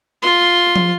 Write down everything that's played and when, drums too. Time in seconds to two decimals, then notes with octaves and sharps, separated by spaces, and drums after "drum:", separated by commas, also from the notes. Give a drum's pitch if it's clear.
0.22 F4 C6
0.76 drum: tom F3